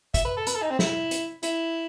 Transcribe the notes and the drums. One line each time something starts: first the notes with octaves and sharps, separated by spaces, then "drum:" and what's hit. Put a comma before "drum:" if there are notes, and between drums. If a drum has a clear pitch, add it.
E5, drum: kick, hi-hat
B4
A4
B4, drum: hi-hat
A4
D#4
C4
E4, drum: snare
drum: hi-hat
E4, drum: hi-hat